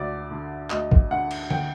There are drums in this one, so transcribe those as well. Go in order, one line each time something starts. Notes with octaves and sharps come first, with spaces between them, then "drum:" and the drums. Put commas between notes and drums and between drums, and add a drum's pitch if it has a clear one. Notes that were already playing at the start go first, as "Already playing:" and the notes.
Already playing: D2 D3 D5
D3
D2 D#5, drum: clap
drum: kick
D3 F#5
drum: cymbal
G5, drum: tom D3